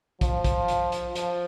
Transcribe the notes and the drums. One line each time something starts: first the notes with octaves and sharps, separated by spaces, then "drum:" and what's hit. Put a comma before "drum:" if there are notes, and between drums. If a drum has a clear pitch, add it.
F3, drum: kick, hi-hat
drum: kick, hi-hat
drum: hi-hat
drum: hi-hat
F3, drum: hi-hat